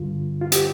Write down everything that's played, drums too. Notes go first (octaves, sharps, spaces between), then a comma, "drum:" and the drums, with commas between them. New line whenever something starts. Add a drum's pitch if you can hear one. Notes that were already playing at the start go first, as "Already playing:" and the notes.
Already playing: G2 D3 F4
F4
G4, drum: hi-hat